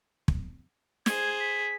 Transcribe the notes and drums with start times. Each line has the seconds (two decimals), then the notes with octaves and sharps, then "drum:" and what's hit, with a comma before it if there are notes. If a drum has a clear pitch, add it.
0.28 drum: kick
1.06 G#4 C5 G#6, drum: snare
1.40 B6